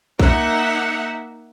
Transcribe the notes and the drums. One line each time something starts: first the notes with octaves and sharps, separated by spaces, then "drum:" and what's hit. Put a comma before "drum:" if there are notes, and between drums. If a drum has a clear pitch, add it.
A#3 D#4 E5 F#5, drum: kick A#1